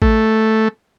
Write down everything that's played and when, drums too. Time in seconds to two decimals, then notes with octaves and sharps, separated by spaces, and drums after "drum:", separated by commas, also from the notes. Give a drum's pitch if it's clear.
0.02 A3, drum: kick A1